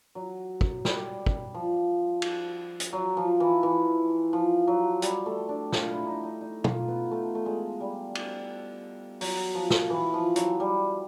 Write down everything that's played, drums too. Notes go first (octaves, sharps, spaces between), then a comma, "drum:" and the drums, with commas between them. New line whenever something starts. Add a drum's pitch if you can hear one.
F#3
drum: kick
G3, drum: snare
drum: kick
F3
drum: cymbal
drum: hi-hat
F#3
F3
E3
E3
F3
F#3
G3, drum: hi-hat
A3
D4
F4, drum: snare
E4
D#4
D#4
D#4
F4, drum: tom
B3
A3
A3
G#3
G3
drum: cymbal
F#3, drum: open hi-hat
F3
drum: snare
E3
F3
F#3, drum: hi-hat
G3